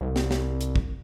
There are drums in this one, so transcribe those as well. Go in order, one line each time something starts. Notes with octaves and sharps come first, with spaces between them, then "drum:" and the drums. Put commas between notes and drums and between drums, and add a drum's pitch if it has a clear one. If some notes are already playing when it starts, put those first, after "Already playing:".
C2
drum: snare
drum: snare
drum: hi-hat
drum: kick